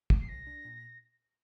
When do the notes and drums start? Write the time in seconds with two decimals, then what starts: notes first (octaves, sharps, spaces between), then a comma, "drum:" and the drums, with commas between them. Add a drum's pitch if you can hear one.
0.10 A#2, drum: kick
0.21 C7
0.29 C2 A#6
0.47 D4
0.65 A#2